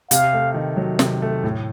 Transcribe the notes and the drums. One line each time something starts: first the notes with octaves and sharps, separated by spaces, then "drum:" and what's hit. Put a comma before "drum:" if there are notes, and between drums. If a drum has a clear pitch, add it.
C3 F5, drum: hi-hat
A3
D#3
F#3
C3, drum: snare
A3
A2